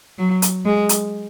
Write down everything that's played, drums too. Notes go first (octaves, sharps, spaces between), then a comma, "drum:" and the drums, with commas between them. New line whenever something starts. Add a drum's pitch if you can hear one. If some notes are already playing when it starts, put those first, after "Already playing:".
F#3
drum: hi-hat
G#3
drum: hi-hat